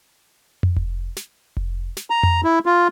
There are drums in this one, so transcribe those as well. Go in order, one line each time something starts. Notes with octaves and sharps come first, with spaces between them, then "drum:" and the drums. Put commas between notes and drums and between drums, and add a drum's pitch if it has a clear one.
drum: tom F2
drum: kick F1
drum: snare
drum: kick F1
drum: snare
A#5
drum: tom F2
E4
F4